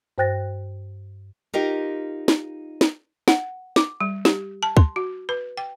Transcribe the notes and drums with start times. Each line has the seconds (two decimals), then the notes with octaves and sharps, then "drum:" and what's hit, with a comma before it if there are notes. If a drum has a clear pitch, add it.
0.18 G2 C5 G5 F#6 A6 A#6
1.54 D#4 F4 G4 A#4 D#5
2.28 drum: snare
2.81 drum: snare
3.28 F#5, drum: snare
3.76 D6, drum: snare
4.01 G3
4.25 G4, drum: snare
4.63 A5
4.77 C6, drum: kick
4.96 F#4
5.29 B4
5.57 G5